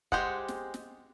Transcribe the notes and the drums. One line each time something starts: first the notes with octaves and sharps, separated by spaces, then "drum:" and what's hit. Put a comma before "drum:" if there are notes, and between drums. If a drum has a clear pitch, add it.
G#3 G4 C5 F#5, drum: kick
drum: snare
drum: snare